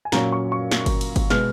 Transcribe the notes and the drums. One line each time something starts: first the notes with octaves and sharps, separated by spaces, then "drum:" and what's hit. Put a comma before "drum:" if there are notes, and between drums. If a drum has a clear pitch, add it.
G#5
A#2 F#3 C#4 A#5, drum: snare
C#6
C#6
drum: snare
drum: kick G1, cymbal
drum: cymbal
drum: kick G1, cymbal
B2 G#3 B3 F6, drum: snare